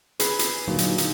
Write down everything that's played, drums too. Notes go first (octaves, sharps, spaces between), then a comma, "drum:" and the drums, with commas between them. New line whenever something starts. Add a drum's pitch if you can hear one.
G#4 B4, drum: hi-hat
drum: hi-hat
A#2 D3 F#3 D#4
drum: hi-hat
drum: hi-hat